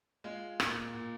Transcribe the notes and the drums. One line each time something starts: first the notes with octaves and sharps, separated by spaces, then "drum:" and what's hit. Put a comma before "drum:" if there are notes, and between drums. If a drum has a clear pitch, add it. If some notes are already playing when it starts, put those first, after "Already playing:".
G#3 F4
A#2, drum: rim click
A#2